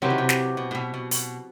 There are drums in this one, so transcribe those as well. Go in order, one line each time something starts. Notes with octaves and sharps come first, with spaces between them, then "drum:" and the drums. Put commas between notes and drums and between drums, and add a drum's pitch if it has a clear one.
C3 F#3 C4 E4 G4 B4
D#3
C3
drum: snare
B2
A2
B2
B2
B2, drum: open hi-hat